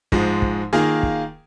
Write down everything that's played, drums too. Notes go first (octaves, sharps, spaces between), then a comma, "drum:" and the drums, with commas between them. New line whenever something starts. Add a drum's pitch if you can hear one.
G#2 F3 G#3, drum: kick
drum: kick
D#3 A#3 F4 G#4
drum: kick